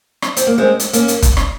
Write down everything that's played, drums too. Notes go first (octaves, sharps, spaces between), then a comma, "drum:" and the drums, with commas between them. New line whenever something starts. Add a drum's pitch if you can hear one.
drum: rim click
C4, drum: hi-hat
A#3
G#3 C4
drum: hi-hat
A#3 C#4, drum: hi-hat
drum: hi-hat
drum: kick, hi-hat
drum: rim click